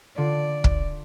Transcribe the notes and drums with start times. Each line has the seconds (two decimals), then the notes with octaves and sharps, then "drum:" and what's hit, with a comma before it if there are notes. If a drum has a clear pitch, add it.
0.17 D3 F4 D5
0.64 drum: kick